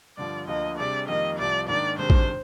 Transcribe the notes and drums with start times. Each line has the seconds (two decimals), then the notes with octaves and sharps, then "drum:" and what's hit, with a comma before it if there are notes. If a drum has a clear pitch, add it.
0.17 G2 D3 F3 D5
0.47 D2 D3 F3 A#3 D#5
0.78 C3 G3 D4 G#4 D5
1.08 F2 D#3 G3 A#3 D#5
1.38 C2 C3 F3 D5
1.68 G#2 D#3 A#3 D4 D5
1.99 C3 D#3 G#3 D4 C5
2.10 drum: kick A1